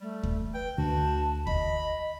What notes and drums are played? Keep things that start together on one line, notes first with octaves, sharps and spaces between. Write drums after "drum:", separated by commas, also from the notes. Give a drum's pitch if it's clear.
G3 A3
drum: kick D#2
B4 G5
D2 F#4 A5
D#5 B5, drum: kick D#2